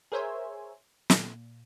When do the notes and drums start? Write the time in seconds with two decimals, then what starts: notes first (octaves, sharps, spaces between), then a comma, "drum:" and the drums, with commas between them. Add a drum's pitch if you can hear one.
0.12 G#4 A#4 C5 C#5 E5 G#5
1.10 A#2, drum: snare